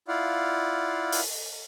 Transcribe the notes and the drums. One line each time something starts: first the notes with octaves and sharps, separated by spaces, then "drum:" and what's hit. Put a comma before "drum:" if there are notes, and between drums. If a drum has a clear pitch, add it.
E4 F4 D5 F5 F#5
drum: open hi-hat